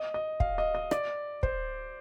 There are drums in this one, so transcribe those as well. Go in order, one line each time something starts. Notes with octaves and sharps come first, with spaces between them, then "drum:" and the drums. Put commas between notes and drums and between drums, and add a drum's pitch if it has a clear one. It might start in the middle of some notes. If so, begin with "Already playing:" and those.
Already playing: D#5
D#5
F5, drum: kick
D#5
D#5
D5, drum: rim click
C5, drum: kick